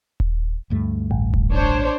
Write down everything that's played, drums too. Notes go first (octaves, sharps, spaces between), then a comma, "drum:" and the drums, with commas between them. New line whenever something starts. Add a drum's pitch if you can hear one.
drum: kick D#1
D2 G2 A3
A1
drum: kick D#1
D4 C5 C#5